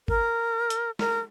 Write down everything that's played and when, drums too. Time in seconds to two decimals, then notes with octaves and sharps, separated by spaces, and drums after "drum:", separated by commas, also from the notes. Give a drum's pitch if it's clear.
0.08 A#4, drum: kick
0.70 drum: hi-hat
0.99 A#4, drum: snare